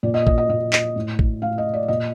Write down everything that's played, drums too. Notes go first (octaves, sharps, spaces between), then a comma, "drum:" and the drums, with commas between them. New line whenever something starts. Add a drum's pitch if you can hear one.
A#2 D5
D#5
D#5, drum: kick
D#5
A#2 D#5
D#5, drum: clap
A2
drum: kick
A2 F5
D#5
D5
A#2 D#5